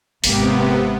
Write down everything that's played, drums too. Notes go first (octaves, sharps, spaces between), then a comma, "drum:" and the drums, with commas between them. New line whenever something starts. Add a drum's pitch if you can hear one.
G#1 G#2 C3 A#3 B3 G4, drum: open hi-hat